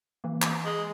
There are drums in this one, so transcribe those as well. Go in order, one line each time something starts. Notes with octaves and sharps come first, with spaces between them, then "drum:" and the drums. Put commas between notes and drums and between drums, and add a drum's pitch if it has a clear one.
E3 A#3
drum: clap
G#3